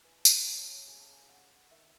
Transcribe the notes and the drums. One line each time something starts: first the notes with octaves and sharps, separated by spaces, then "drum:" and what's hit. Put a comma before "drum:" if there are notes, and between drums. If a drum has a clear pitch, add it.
E3 G#5
A5
E3, drum: tambourine
B5
F#3 A5
F#3
C#3 G#5
A5
G#5
F#5
D#3 E5